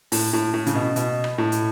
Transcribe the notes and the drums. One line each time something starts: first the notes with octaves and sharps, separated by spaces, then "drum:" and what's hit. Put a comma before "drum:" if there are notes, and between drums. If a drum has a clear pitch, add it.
A2, drum: open hi-hat
A2
A2
C#3, drum: hi-hat
B2
B2, drum: hi-hat
drum: rim click
A2
drum: hi-hat